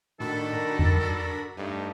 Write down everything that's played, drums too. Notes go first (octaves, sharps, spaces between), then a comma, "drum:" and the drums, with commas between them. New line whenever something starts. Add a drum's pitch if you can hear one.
A2 D#3 D4 F#4 A4 B5
A#4
drum: tom F2
G2 A3 D#4